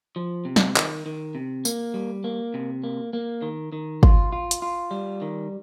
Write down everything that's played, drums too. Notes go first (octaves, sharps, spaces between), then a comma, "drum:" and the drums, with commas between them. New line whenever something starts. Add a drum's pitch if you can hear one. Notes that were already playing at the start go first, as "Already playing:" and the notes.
F3
C3
drum: snare
D#3, drum: clap
D#3
C3
A#3, drum: tambourine
G3
A#3
C3
A#3
A#3
D#3
D#3
F4, drum: kick
F4
drum: hi-hat
F4
G3
D#3